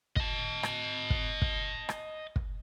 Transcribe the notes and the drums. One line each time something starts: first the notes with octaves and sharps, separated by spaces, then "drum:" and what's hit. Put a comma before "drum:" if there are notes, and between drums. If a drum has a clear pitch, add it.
D#5 A5, drum: kick
drum: rim click
drum: kick
drum: kick
drum: rim click
drum: kick